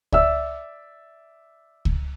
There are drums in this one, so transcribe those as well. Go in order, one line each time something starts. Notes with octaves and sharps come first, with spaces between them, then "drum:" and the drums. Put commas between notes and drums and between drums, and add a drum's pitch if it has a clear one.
D5 E5 E6, drum: kick C#2
drum: kick C#2